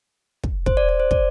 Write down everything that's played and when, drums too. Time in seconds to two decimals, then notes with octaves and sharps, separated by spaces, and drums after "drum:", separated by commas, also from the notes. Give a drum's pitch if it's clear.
0.44 drum: kick
0.66 C5, drum: kick
0.77 D5
0.89 D5
1.00 C5
1.11 D5, drum: kick